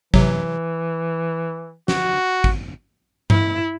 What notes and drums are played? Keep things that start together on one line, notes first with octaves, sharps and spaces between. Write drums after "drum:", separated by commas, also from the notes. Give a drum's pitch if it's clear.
C3 E3 F#3, drum: kick
F#4, drum: snare
drum: kick
E4, drum: tom G2